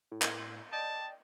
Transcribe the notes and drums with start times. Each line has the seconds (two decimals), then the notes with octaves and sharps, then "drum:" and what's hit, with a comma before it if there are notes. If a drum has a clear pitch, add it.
0.11 A2
0.22 drum: clap
0.72 D5 D#5 G5 A5